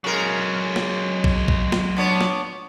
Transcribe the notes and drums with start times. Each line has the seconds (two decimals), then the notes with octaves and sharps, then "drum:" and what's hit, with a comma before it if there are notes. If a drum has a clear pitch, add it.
0.04 C#3 F#3 G#3 A#4
0.76 drum: snare
1.24 drum: kick A#1
1.48 drum: kick A#1
1.72 drum: snare
1.96 B3 D4 C#5
2.21 drum: snare